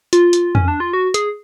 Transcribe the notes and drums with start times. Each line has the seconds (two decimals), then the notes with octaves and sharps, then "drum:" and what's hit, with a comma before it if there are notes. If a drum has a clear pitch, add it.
0.13 F4, drum: hi-hat
0.33 drum: hi-hat
0.55 C#4, drum: tom E2
0.68 D4
0.80 F4
0.93 F#4
1.14 G#4, drum: hi-hat